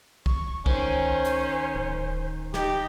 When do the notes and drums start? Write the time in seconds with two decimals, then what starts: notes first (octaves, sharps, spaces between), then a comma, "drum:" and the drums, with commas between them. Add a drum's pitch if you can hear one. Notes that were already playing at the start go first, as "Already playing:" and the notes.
0.26 C#6, drum: kick B1
0.66 C#2 D#3 C#4 C5, drum: kick B1
1.25 drum: hi-hat
1.75 D1
2.54 D#4 G4, drum: snare